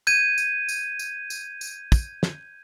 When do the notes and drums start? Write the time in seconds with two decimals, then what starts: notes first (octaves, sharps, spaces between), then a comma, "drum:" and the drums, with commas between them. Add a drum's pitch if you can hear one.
0.07 G6 G#6 D#7, drum: tambourine
0.38 drum: tambourine
0.69 drum: tambourine
0.99 drum: tambourine
1.30 drum: tambourine
1.61 drum: tambourine
1.92 drum: kick, tambourine
2.23 drum: snare